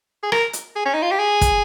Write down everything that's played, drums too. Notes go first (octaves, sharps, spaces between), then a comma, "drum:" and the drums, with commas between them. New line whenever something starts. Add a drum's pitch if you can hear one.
G#4
A#4, drum: rim click
drum: hi-hat
G#4
C#4
D#4
F4
G4
G#4
drum: kick, hi-hat